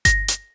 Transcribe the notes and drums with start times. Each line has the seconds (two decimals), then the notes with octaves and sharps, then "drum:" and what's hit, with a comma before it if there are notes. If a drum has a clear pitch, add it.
0.05 A#6, drum: kick G1, hi-hat
0.28 drum: hi-hat